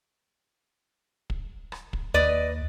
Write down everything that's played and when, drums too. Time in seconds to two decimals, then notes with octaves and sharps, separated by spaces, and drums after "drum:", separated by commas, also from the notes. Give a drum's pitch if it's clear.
1.30 drum: kick
1.72 drum: rim click
1.93 drum: kick
2.14 D#2 B4 D5 D#5